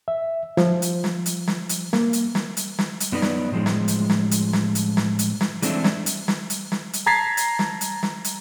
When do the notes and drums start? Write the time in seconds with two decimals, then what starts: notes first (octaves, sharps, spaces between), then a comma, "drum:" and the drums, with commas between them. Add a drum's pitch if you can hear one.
0.08 E5
0.57 F3, drum: snare
0.82 drum: hi-hat
1.04 drum: snare
1.26 drum: hi-hat
1.47 drum: snare
1.69 drum: hi-hat
1.93 A#3, drum: snare
2.13 drum: hi-hat
2.35 drum: snare
2.57 drum: hi-hat
2.79 drum: snare
3.00 drum: hi-hat
3.12 F#2 B3 D#4 B4 D5
3.22 drum: snare
3.52 A2 F3 G#3
3.66 drum: snare
3.88 drum: hi-hat
4.10 drum: snare
4.31 drum: hi-hat
4.53 drum: snare
4.75 drum: hi-hat
4.97 drum: snare
5.19 drum: hi-hat
5.41 drum: snare
5.62 E3 G#3 A3 C4 D4 E4, drum: hi-hat
5.84 drum: snare
6.06 drum: hi-hat
6.28 drum: snare
6.50 drum: hi-hat
6.72 drum: snare
6.93 drum: hi-hat
7.06 A5 A#5 G#6 A6 B6 C7
7.37 drum: hi-hat
7.59 drum: snare
7.81 drum: hi-hat
8.03 drum: snare
8.24 drum: hi-hat